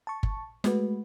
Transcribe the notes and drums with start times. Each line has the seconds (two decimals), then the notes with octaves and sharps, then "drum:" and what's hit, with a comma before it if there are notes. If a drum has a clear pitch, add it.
0.07 A5 C#6
0.23 drum: kick G1
0.64 G#3 A3 F#4 B4, drum: snare